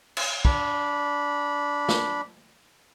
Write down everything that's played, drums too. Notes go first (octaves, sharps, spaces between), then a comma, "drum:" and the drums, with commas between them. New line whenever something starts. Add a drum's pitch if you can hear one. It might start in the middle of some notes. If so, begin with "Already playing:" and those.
drum: cymbal
D4 B5, drum: kick
drum: snare